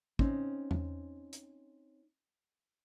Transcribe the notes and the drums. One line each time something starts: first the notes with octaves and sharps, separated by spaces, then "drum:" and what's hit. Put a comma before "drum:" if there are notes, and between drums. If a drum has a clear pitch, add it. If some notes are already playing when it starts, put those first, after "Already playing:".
C4 C#4 D#4, drum: kick
drum: tom E2
drum: hi-hat